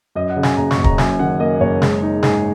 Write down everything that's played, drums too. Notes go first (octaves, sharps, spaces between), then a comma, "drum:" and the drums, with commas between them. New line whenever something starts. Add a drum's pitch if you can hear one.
F#2 D#5
F#5
C#3
G#5, drum: snare
F#1 A#5
C#6, drum: snare
F#1
A#5, drum: kick
F#2 G#5, drum: snare
D#3 F#5
A#3 D#5
F#1 C#5
G#3, drum: snare
D#4
G#2 G#4, drum: snare